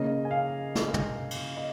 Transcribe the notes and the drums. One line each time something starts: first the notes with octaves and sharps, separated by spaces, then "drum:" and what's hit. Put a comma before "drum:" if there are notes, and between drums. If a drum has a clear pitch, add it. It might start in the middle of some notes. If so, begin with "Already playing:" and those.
Already playing: C#3 A#3 C#4 D#5
G#5
F5
drum: snare
drum: tom
drum: cymbal
D#5